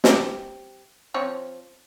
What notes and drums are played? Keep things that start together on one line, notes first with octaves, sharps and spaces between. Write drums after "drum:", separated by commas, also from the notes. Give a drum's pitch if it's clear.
G3 C4 G4, drum: snare
F3 C4 C#5